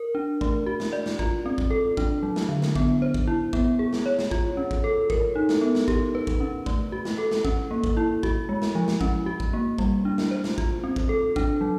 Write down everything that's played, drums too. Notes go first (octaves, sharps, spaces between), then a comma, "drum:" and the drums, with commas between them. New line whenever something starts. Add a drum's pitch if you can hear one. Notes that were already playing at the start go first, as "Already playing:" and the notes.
Already playing: A#4
D4
A3, drum: kick A1
F#4
drum: snare
D5
drum: snare
F4, drum: kick A1
C4
drum: kick A1
A4
D4, drum: kick A1
F#3
drum: snare
D3
drum: snare
B3, drum: kick A1
C5
drum: kick A1
E4
B3, drum: kick A1
G#4
drum: snare
C#5
drum: snare
F4, drum: kick A1
C#4
drum: kick A1
A4
A#4, drum: kick A1
D#4
drum: snare
B3
drum: snare
G4, drum: kick A1
B4
drum: kick A1
C#4
A3, drum: kick A1
F#4
drum: snare
A4
drum: snare
C#4, drum: kick A1
A#3
drum: kick A1
E4
F#4, drum: kick A1
G#3
drum: snare
F3
drum: snare
C#4, drum: kick A1
F#4
drum: kick A1
A#3
G3, drum: kick A1
D4
drum: snare
C5
drum: snare
F4, drum: kick A1
C4
drum: kick A1
A4
D4, drum: kick A1
F#3